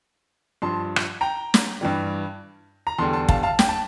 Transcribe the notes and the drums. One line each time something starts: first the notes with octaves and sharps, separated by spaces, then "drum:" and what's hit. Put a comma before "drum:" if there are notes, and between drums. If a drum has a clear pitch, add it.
G2 F3 A5 C6
drum: rim click
G5 A#5
drum: snare
G2 E3 G3
A#5
E2 D3 G3 A5 C6
A5 C6
F5 A5, drum: kick
F5 A5
G5, drum: snare
A5